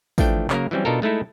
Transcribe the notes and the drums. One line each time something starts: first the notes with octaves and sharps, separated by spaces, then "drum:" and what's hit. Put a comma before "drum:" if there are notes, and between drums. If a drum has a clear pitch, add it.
E3 F3 A3 D4 G5, drum: kick, tambourine
C#3 F#3 A#3 A#4, drum: clap
E3 F#3 G3 C4 C#4
B2 D4 D#4 F4 A4 A#4
G#3 A3 D#4 E4 A4